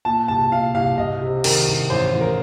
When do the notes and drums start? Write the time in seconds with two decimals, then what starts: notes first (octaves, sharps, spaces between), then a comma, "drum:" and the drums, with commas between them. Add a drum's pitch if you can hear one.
0.05 A#2 A5
0.28 C2 A5
0.52 A#2 F5
0.75 C2 F5
0.98 C2 D#5
1.21 C3
1.44 D#3 A#4, drum: cymbal
1.68 C2
1.90 A1 C5
2.13 A1
2.21 A#4